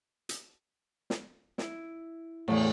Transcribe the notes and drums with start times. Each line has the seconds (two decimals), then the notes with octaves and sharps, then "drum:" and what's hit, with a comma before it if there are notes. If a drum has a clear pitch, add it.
0.29 drum: hi-hat
1.10 drum: snare
1.58 E4, drum: snare
2.48 E2 A2, drum: cymbal